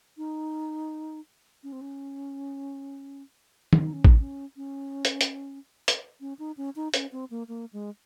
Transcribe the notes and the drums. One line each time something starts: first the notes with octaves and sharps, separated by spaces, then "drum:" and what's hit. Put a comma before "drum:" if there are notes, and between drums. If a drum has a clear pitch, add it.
D#4
C#4
C4
C#4
drum: tom D#3
D#4
C#4
D#4, drum: kick A1
C#4
C#4
drum: hi-hat
drum: hi-hat
drum: hi-hat
C#4
D#4
C#4
D#4
C#4, drum: hi-hat
C4
A#3
A#3
G#3